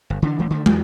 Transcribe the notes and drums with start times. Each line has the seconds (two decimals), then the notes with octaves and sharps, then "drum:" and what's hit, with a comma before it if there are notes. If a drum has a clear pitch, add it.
0.10 G1
0.22 D3 E3 C#4 D4
0.39 D#1 E3 A3
0.50 D3 D#3 G#3 A3
0.66 E2 E3, drum: tom